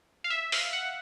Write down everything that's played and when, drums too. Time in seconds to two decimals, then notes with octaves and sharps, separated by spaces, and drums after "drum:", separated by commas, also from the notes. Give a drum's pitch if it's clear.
0.24 F5
0.30 E5
0.52 F5, drum: open hi-hat
0.73 F#5